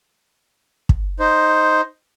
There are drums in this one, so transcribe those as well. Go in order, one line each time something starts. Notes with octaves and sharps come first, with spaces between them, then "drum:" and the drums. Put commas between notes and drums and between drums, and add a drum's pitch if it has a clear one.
drum: kick
D#4 C5